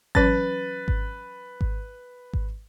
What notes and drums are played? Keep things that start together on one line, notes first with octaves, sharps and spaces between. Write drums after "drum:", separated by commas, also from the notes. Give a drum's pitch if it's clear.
E3 F#3 C#4 B4 A6, drum: kick G#1
drum: kick G#1
drum: kick G#1
drum: kick G#1